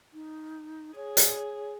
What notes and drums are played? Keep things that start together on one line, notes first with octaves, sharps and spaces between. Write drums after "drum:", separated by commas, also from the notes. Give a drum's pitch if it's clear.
D#4
G#4 C#5
drum: hi-hat